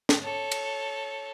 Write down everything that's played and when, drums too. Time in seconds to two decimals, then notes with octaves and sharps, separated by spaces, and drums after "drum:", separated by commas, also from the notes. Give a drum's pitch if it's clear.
0.09 drum: snare
0.22 A4 C#5
0.52 drum: cymbal